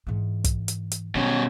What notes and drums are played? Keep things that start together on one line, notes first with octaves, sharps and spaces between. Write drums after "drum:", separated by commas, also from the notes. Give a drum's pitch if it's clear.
G#2 E3
drum: kick, hi-hat
drum: hi-hat
drum: hi-hat
B2 G3 C#4